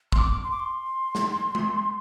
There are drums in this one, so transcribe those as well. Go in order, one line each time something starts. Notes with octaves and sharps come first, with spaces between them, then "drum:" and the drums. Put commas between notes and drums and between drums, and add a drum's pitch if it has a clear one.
C6, drum: kick
D6
C6
D6
C6
drum: snare
drum: tom G#3